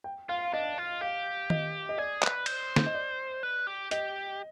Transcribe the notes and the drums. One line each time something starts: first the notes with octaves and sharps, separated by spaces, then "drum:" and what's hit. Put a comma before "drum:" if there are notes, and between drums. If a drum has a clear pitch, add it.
G5
F4 F5
D4 D#5
F4
G4 F5
D#5, drum: tom D#3
D#5
G#4 D5
B4, drum: clap
C5, drum: cymbal
drum: snare
D#5
D5
B4
G4
G4 D#5, drum: hi-hat